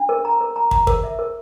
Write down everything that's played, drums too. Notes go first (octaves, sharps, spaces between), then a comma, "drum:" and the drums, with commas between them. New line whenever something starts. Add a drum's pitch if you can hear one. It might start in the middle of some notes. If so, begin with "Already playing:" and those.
Already playing: D4
A#4
A#5
A#4
A#5
A#5, drum: kick
A#4, drum: kick
E5
A#4